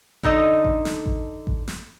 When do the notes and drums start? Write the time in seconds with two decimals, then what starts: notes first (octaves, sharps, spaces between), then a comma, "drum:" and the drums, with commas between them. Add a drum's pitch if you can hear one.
0.23 D3 D#4 A4 D#5, drum: kick A1
0.65 drum: kick A1
0.85 drum: snare
1.06 drum: kick A1
1.47 drum: kick A1
1.68 drum: snare